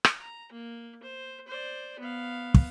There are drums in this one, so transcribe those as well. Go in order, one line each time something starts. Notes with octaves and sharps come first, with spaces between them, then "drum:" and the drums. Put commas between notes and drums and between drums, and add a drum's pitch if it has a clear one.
drum: rim click
A#5
A#3
C5
C5 D5
B3 F5
drum: kick